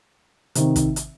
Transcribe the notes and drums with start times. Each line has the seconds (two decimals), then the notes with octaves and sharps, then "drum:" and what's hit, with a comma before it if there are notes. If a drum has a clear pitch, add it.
0.55 C3 D#3, drum: hi-hat
0.76 drum: kick, hi-hat
0.96 drum: hi-hat